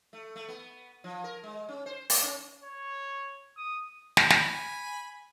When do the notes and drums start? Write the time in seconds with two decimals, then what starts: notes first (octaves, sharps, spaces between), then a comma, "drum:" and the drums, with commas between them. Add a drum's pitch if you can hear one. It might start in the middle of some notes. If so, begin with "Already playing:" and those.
0.13 A3
0.36 A3
0.49 B3
1.04 F3
1.24 A#4
1.44 G#3
1.69 C#4
1.86 C5
2.10 A#3, drum: open hi-hat
2.23 C#4
2.64 C#5
3.57 D#6
4.17 drum: snare
4.31 G#5 B5, drum: snare